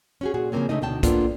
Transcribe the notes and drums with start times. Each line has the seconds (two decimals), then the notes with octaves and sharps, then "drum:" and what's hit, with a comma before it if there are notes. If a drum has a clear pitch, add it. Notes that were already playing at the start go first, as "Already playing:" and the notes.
0.21 C#4 F#4 G#4
0.34 A#2 F#4 G#4
0.52 C#3 F3 G3 A#3 C4 C#4
0.69 C#3 A3 D4 D#4 D#5
0.82 D2 B2 D4 G5 A5
1.03 A#3 B3 D4 F4 A4, drum: kick, hi-hat